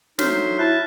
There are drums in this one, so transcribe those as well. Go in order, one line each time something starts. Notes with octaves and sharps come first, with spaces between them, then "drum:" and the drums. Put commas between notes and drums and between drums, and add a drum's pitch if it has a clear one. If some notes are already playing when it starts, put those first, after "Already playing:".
F#3 A3 D4 D#4 C5 F6 B6, drum: snare
E4 A5 F#6